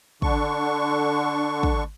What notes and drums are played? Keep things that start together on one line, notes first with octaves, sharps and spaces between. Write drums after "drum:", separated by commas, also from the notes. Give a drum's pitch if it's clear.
D3 D4 C#6, drum: kick
drum: kick